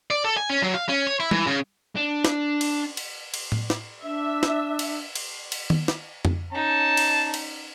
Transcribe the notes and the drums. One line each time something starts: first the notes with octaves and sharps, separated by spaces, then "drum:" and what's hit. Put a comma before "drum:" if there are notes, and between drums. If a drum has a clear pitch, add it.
D5
A4
G#5
C#4
F#3
F5
C#4
C#5
E4
E3, drum: tom G3
C#3
D4
drum: snare
drum: cymbal
drum: cymbal
drum: cymbal
drum: tom A2
drum: snare
D4 E5
drum: snare
drum: cymbal
drum: cymbal
drum: cymbal
drum: tom D#3
drum: snare
drum: tom F2
C#4 D#4 A5
drum: cymbal
drum: cymbal